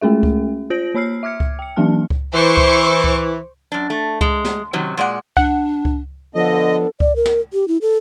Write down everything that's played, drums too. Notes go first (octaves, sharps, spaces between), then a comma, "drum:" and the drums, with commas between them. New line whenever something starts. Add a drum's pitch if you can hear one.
G#3 A3 C#4 G#4 E5
drum: kick C#2
F4 C5 G6 A#6 D7 F#7
A#3 C#5 B5 E6 F6 C7
E5 D6 F6 G#6 C#7
drum: kick C#2
G5 C#7
E3 F#3 A#3 D4 A5 F6
drum: kick C#2
E3 C5 C#6 D6
drum: kick C#2
drum: kick C#2
F#2 D4
A3
G#3, drum: kick C#2
drum: snare
F#2 C3 D#3 F#3
A#2 G#3 D5 F#5
D4 F#5, drum: kick C#2
drum: kick C#2
D3 F3 B3 D4 A4 D#5
D5, drum: kick C#2
A#4
drum: snare
G4
E4
A4